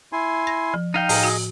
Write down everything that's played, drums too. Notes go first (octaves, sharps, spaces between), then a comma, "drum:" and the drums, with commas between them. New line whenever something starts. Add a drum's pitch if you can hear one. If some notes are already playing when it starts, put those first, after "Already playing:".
E4 G#5 C6
A#6
F3
D#4 F5 G5
A2 G#4 D#5, drum: open hi-hat
F#4